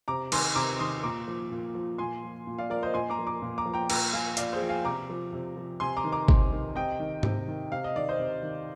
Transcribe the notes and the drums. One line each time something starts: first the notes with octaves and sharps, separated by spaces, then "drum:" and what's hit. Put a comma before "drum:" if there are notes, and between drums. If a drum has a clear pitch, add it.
C3 A#5 D6
D#3 G#5 C6, drum: cymbal
C3 A#5 D6
D#3 C6 D#6
A#2 A#5 D6
F3
A#2
F3
A#2 G#5 C6
F3
A#2
D5 F5
F3 A#4 D5
C5 D#5
A#2 G#5 C6
A#5 D6
F3
A#5 D6
A#2
A#5 D6
F3
G5 A#5
A#2 G5 A#5, drum: cymbal
F3 F5 G#5
A#2 D5 F5, drum: hi-hat
G#4 C5
F3
F5 G#5
C3 A#5 D6
F3
C3
F3
C3 G#5 C6
A#5 D6
D#3
A#5 D6
C3, drum: kick G#1
D#3
C3 D#5 G5
D#3
C3, drum: tom G#2
D#3
C3 F5
D#5
D#3 D5
C5 D#5
C3
D#3